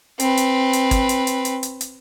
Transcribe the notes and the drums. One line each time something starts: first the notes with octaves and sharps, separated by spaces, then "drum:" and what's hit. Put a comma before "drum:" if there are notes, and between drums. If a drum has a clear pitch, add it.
C4 B4, drum: hi-hat
drum: hi-hat
drum: hi-hat
drum: kick, hi-hat
drum: hi-hat
drum: hi-hat
drum: hi-hat
drum: hi-hat
drum: hi-hat